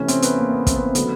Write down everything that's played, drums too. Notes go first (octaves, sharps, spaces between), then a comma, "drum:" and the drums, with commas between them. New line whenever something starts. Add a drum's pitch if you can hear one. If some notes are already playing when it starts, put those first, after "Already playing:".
Already playing: C3 E3 A3 C#4
C4, drum: hi-hat
B3, drum: hi-hat
A#3
B3
C4, drum: kick, hi-hat
B3
C4
D3 F#3 A3 B3, drum: hi-hat